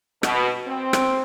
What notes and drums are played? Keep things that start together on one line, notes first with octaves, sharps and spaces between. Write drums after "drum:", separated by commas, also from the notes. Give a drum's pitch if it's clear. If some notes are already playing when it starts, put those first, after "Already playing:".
B2, drum: rim click
C4
drum: rim click